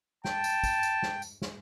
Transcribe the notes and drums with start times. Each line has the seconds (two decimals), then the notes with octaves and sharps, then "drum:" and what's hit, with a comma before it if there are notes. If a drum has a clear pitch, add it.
0.25 G5 A5, drum: snare
0.44 drum: tambourine
0.64 drum: kick, tambourine
0.83 drum: tambourine
1.03 drum: snare
1.22 drum: tambourine
1.42 drum: snare